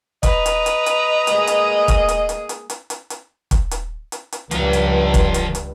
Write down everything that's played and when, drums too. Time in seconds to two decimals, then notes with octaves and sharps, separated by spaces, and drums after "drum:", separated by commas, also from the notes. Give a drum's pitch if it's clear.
0.23 B4 D#5 A#5, drum: kick, hi-hat
0.46 drum: hi-hat
0.66 drum: hi-hat
0.86 drum: hi-hat
1.27 G#3 A#3 G#4, drum: hi-hat
1.47 drum: hi-hat
1.88 drum: kick, hi-hat
2.09 drum: hi-hat
2.29 drum: hi-hat
2.49 drum: hi-hat
2.70 drum: hi-hat
2.90 drum: hi-hat
3.10 drum: hi-hat
3.51 drum: kick, hi-hat
3.71 drum: hi-hat
4.12 drum: hi-hat
4.32 drum: hi-hat
4.51 C#2 G2 F3 A#5, drum: hi-hat
4.73 drum: hi-hat
5.14 drum: kick, hi-hat
5.34 drum: hi-hat
5.55 drum: hi-hat